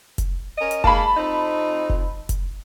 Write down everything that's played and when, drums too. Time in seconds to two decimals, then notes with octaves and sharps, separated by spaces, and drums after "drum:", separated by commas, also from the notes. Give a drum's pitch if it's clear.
0.18 drum: kick, hi-hat
0.58 C#4 A#4 D#5
0.71 drum: hi-hat
0.84 G#3 A#3 A5 B5, drum: kick
1.16 F2 C4 D#4
1.89 drum: kick
2.29 drum: kick, hi-hat